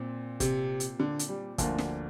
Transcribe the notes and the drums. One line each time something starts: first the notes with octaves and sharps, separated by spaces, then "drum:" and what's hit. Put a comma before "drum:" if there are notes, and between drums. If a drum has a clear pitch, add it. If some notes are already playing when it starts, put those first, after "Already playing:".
Already playing: A#2 C4
C3, drum: kick, hi-hat
drum: hi-hat
D3
drum: hi-hat
G3
D2 D3 F3 A#3, drum: kick, hi-hat
drum: snare